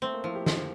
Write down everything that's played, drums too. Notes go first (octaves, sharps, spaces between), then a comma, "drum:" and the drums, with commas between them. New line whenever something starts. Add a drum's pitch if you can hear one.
A3 C4
A#3
F3 E4
G4
F3, drum: snare